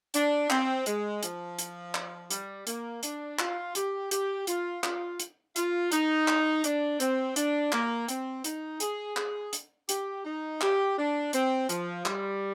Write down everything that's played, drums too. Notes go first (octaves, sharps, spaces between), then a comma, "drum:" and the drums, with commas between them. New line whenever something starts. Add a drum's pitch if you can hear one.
D4, drum: hi-hat
C4, drum: clap
G#3, drum: hi-hat
F3, drum: hi-hat
drum: hi-hat
drum: clap
G3, drum: hi-hat
A#3, drum: hi-hat
D4, drum: hi-hat
F4, drum: clap
G4, drum: hi-hat
G4, drum: hi-hat
F4, drum: hi-hat
F4, drum: clap
drum: hi-hat
F4, drum: hi-hat
D#4, drum: hi-hat
drum: clap
D4, drum: hi-hat
C4, drum: hi-hat
D4, drum: hi-hat
A#3, drum: clap
C4, drum: hi-hat
D#4, drum: hi-hat
G#4, drum: hi-hat
G#4, drum: clap
drum: hi-hat
G4, drum: hi-hat
D#4
G4, drum: clap
D4
C4, drum: hi-hat
F3, drum: hi-hat
G3, drum: clap